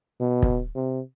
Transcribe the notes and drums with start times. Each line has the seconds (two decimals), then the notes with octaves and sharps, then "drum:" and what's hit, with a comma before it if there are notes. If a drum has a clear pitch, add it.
0.20 B2
0.42 drum: kick
0.75 C3